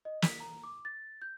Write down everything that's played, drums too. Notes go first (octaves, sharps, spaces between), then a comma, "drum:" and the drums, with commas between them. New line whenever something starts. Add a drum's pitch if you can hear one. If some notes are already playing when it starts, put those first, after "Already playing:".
D#5
B6, drum: snare
A#5
D6
A6
G6